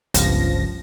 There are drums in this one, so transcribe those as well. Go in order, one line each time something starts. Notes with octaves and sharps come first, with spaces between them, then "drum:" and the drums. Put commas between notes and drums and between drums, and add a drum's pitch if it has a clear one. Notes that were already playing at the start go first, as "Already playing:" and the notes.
G1 C#2 F3 A#6, drum: hi-hat